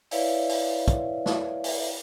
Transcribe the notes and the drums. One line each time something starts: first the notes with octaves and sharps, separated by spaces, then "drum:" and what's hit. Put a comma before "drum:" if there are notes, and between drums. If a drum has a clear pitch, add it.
E4 B4 C#5 D5 E5 F5, drum: open hi-hat
drum: open hi-hat
drum: kick, hi-hat
drum: snare
drum: open hi-hat